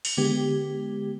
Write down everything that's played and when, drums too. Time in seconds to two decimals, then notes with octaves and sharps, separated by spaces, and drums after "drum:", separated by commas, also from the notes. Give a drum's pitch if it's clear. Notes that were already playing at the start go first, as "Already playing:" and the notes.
0.05 drum: open hi-hat
0.17 D3 G#3 B3 G4